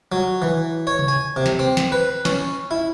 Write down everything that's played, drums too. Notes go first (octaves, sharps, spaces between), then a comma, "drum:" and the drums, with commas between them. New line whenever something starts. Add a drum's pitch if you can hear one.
F#3
E3
C#5
drum: tom C3
G#5
C3
drum: snare
C4
drum: snare
B4
C#4, drum: snare
E4